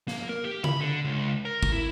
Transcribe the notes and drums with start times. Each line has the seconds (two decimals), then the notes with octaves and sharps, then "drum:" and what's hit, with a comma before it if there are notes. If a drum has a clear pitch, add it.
0.08 A#3, drum: snare
0.29 A#4
0.45 G4
0.64 B5, drum: tom C#3
0.81 D3
1.04 C#2
1.45 A#4
1.63 drum: kick
1.72 E4